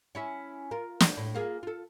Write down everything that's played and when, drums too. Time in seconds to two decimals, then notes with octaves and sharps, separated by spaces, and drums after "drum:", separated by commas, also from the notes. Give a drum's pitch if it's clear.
0.15 C#4 E4 E5
0.71 F4 A#4
1.00 drum: snare
1.17 A2
1.35 A#3 F4 G#4
1.63 F4 A4